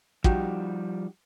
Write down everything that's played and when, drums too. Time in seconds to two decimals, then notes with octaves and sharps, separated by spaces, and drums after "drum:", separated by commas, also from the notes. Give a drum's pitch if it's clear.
0.24 F3 G3 D#4 F#4 G4, drum: kick